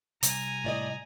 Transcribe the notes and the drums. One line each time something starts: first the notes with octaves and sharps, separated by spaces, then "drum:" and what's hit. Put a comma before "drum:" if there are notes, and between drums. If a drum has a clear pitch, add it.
C3 G3 G#5 A#5, drum: hi-hat
A2 D5 D#5